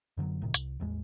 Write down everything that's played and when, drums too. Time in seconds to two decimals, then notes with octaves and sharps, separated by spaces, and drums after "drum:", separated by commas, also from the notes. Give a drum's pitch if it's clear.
0.17 F#2 D3 F3 F#3
0.42 G1 A2 C3 D#3
0.54 C2, drum: hi-hat
0.80 A1 E2 G#3